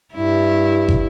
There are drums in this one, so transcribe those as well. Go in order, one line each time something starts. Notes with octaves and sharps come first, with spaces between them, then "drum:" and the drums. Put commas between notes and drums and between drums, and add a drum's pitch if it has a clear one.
G2 E4
drum: kick